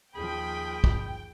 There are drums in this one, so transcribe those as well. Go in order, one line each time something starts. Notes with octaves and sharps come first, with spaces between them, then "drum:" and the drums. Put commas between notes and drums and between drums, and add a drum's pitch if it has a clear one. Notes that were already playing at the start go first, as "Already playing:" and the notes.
D#2 F3 G#4 G5 B5
drum: kick